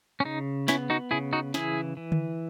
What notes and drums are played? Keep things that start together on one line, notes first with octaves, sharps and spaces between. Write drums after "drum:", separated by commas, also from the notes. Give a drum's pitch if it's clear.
C#4
C#3 D#4
B3 C#4 E4, drum: snare
D#4 F#4
C#3 E4 G#4
D#4 F#4
E3 E4 G#4, drum: snare
E3
drum: tom D3